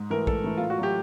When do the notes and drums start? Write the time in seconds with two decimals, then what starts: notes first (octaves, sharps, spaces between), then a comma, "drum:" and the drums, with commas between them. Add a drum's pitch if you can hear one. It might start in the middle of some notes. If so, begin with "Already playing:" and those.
Already playing: G#2
0.10 E3 A3 A#4
0.27 G#2 A4, drum: kick A#1
0.44 E3 A3
0.57 A2 F4
0.70 F#4
0.78 F#3 A3 G4